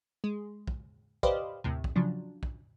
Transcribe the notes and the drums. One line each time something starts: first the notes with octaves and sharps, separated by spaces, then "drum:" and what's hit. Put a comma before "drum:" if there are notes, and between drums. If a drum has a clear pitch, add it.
G#3
drum: kick
G4 B4 C5 D5 D#5 F5, drum: kick
D#2 A2 C3
drum: kick
C#3 F3 F#3 D4
drum: kick